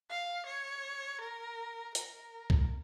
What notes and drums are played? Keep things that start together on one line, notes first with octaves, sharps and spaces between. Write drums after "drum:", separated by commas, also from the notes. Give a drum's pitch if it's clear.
F5
C#5
A#4
A#4, drum: hi-hat
drum: kick C2